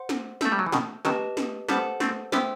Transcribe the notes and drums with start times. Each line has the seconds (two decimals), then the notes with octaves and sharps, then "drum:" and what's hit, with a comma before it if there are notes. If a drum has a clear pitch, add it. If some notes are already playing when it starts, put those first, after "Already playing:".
Already playing: C5 F#5 C6
0.09 drum: snare
0.41 A3 E5 A5 E6 G6, drum: snare
0.52 G3
0.59 F#3
0.66 E3
0.72 B2 D#3, drum: snare
1.05 D#3 F#3 G4 B4 D#5 A5, drum: snare
1.37 drum: snare
1.69 G3 B3 A4 C5 F#5 A5, drum: snare
2.00 A3 C4, drum: snare
2.32 G3 B3 C5 E5 G5 C6 E6, drum: snare